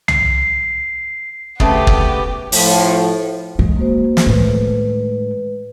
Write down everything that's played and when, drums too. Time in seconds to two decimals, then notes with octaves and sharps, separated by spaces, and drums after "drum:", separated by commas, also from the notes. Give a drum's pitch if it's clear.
0.08 C7, drum: tom C2
1.60 C#3 A3 B3 C4 G4, drum: kick
1.87 drum: kick
2.52 A2 F3, drum: open hi-hat
3.59 G#3
3.76 A#3 F#4 C5
4.17 drum: snare
4.27 A2 D#3 G#3 B4